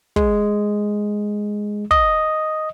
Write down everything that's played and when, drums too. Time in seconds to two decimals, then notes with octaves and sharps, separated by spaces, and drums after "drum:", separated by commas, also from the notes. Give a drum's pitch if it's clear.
0.16 G#3, drum: kick
1.91 D#5, drum: kick